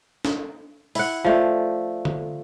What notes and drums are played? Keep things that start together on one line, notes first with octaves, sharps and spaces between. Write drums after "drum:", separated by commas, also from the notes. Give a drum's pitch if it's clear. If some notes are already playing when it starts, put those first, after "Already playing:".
drum: snare
E4 F#5, drum: open hi-hat
F3 A3 D4
drum: tom D3